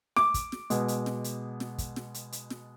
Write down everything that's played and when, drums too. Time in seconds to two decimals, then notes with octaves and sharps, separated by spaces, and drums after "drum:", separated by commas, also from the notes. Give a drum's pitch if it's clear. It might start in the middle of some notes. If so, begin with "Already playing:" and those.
0.17 D6, drum: snare
0.34 drum: kick, hi-hat
0.52 drum: snare
0.70 B2 G#3, drum: hi-hat
0.88 drum: hi-hat
1.06 drum: snare
1.24 drum: hi-hat
1.60 drum: snare
1.78 drum: kick, hi-hat
1.96 drum: snare
2.14 drum: hi-hat
2.32 drum: hi-hat
2.50 drum: snare